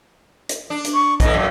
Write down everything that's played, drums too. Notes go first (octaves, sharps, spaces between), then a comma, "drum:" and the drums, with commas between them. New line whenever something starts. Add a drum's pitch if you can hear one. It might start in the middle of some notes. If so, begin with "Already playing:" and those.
drum: hi-hat
D4
drum: hi-hat
C#6
E2 A2 E3 D#5, drum: kick, hi-hat
F#2 A#2